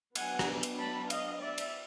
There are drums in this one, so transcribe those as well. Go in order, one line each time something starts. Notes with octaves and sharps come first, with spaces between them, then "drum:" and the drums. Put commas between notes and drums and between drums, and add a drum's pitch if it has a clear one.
F#3 B3 D4 F#5 G#5, drum: cymbal
drum: rim click
drum: cymbal
A5 B5
D#5 F5, drum: cymbal
D5 E5
drum: cymbal